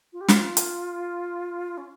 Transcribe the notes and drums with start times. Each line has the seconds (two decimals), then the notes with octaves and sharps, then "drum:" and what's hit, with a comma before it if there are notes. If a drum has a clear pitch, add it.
0.13 F4
0.21 G4
0.28 F4, drum: snare
0.57 drum: hi-hat
1.77 C#4